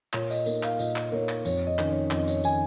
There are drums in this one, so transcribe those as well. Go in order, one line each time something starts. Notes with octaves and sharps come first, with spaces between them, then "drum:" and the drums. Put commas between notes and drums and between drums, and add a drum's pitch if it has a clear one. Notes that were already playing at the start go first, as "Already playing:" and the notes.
A#2 C#5, drum: clap
D#5, drum: tambourine
A#3 D#4, drum: tambourine
F5, drum: clap
A#2 D#5, drum: tambourine
drum: clap
A#3 D#4 C#5
drum: clap
F2 C#5, drum: tambourine
D#5
D#3 C#4, drum: clap
C#5
F2 D#5, drum: clap
C#5, drum: tambourine
D#3 C#4 G#5, drum: tambourine